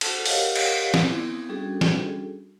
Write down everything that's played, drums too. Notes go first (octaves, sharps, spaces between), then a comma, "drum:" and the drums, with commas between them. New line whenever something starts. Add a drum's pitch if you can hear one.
F#4 A4 F#5 A5, drum: cymbal
G4 A#4 C#5 D#5 F5 F#5, drum: open hi-hat
drum: cymbal
B3 C4 E4 D6 D#6, drum: snare
G3 C#4 D4 F#4 G#4 A4
drum: snare